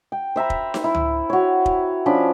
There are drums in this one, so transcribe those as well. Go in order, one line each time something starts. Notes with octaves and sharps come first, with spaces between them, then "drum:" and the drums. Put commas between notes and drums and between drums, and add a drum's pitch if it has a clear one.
G5
C5 E5 A#5 B5
drum: kick
drum: snare D#4
E4
drum: tom C#2
F#4 C#5
drum: kick
F3 C#4 D4 B5